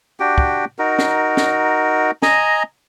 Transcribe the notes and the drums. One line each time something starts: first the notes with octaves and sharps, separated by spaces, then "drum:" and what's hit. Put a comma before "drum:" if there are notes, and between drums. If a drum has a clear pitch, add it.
D4 F#4 G4 G5
drum: kick
D#4 F#4 A#4
drum: snare
drum: snare
D#5 G#5 A#5, drum: snare